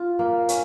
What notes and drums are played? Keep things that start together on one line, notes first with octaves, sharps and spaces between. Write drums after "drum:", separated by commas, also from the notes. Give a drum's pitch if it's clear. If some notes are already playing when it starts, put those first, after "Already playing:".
Already playing: F4
A#3
C#4, drum: hi-hat